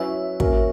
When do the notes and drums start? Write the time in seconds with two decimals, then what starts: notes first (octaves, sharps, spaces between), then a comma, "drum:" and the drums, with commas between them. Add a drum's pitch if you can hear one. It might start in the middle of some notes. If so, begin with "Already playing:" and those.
Already playing: F#3 C#4 E4 B4 C#5 E5
0.40 A#3 C#4 F#4 A#4, drum: kick